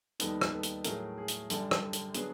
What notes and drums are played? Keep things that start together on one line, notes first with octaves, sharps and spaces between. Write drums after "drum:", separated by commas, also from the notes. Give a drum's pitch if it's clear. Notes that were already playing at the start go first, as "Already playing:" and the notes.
D#2 D#3 G3 B3 D#4 A4 B4, drum: hi-hat
drum: rim click
A4 B4
drum: hi-hat
A2 F#3 A3 G#4 A#4, drum: hi-hat
G#4
drum: hi-hat
F#2 D3 G3 A4, drum: hi-hat
drum: rim click
A4
drum: hi-hat
D3 F#3 B3 D4 G#4, drum: hi-hat